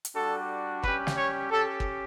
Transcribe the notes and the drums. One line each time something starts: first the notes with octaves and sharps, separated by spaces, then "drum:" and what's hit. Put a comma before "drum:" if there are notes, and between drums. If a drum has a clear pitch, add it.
drum: hi-hat
G3 D4 F#4 A4
G3 C#4 G4 B4, drum: kick
drum: snare
C#5
C#4 G4 A4
drum: kick